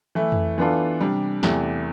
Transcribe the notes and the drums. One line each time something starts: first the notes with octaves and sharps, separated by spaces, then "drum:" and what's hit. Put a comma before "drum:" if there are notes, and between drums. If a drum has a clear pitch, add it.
E3 A3 E4
drum: tom F2
E3 B3 D4 F4 A4
C3 G3 D4
E2 C3 E3 A3, drum: snare